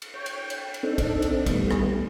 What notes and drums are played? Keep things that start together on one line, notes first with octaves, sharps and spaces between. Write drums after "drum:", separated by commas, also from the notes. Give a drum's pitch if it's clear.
drum: cymbal
C#5 G5
drum: cymbal
drum: cymbal
drum: cymbal
C4 D4 D#4 A4
drum: kick, cymbal
drum: cymbal
D#3 G3 A3 B3, drum: kick, cymbal
drum: rim click